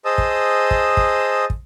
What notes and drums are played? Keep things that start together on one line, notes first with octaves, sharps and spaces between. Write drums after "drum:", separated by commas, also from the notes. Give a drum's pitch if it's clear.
G#4 C5 D#5 A5 D#6 E6
drum: kick
drum: kick
drum: kick
drum: kick